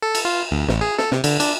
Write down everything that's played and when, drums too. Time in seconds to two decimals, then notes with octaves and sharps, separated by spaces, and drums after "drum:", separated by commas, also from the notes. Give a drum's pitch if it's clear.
0.02 A4
0.15 drum: cymbal
0.25 F4
0.51 D2
0.69 A1, drum: snare
0.81 G#4
0.99 A4, drum: snare
1.12 C3, drum: snare
1.24 D3, drum: cymbal
1.40 D4, drum: cymbal